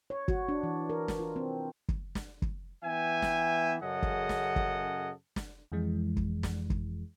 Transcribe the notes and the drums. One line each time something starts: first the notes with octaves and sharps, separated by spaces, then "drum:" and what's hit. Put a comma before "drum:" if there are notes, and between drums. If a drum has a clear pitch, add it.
C#5
F#4, drum: kick
D4
E3
A#4
drum: snare
F4
C4
drum: kick
drum: snare
drum: kick
E3 B3 E5 G5 G#5
drum: snare
F#2 C#3 G#4 A4 D#5 F#5
drum: kick
drum: snare
drum: kick
drum: snare
F2 E3 G#3
drum: kick
drum: snare
drum: kick